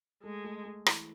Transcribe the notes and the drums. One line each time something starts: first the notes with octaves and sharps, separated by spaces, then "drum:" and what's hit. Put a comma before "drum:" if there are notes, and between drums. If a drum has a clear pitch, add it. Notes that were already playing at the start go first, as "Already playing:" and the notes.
G#3 A3
A3
A3
E3, drum: rim click